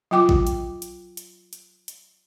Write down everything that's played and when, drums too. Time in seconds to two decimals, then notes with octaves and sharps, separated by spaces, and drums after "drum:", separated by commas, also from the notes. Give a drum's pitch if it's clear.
0.11 F#3 F4 G5 D6
0.29 drum: kick A1
0.47 drum: hi-hat
0.82 drum: hi-hat
1.17 drum: hi-hat
1.53 drum: hi-hat
1.88 drum: hi-hat